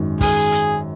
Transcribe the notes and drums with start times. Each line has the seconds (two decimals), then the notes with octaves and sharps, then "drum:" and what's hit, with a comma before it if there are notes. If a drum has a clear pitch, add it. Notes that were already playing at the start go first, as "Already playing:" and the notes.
Already playing: G#1 F#2 D#3 G#3
0.21 G#4, drum: kick, open hi-hat
0.52 drum: hi-hat